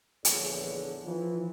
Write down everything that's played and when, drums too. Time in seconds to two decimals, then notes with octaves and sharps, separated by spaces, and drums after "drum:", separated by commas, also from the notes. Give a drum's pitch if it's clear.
0.25 A#1 E2 D3 E3 G#4 C#5, drum: hi-hat
1.05 E3 F3